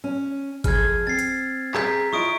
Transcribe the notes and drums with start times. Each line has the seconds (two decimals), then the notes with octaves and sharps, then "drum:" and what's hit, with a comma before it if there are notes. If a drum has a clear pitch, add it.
0.04 C#4
0.64 F2 G#4 F6 G#6, drum: kick G#1, hi-hat
1.07 C4 A6 C7
1.19 drum: hi-hat
1.74 C4 G#4 A#5 G6 B6, drum: clap
2.13 E4 F4 D#5 C#6 D#6 D7